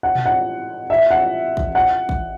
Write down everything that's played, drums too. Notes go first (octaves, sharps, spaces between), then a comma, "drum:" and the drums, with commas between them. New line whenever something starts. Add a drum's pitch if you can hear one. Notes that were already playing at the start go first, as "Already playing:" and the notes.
F#5
drum: tom A#2
F#5
E5
F#5
drum: kick
F#5
drum: kick